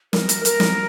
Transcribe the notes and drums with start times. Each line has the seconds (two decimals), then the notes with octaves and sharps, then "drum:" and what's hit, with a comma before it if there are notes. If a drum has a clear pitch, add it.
0.13 A#4, drum: snare
0.29 drum: hi-hat
0.45 A#4, drum: hi-hat
0.60 drum: snare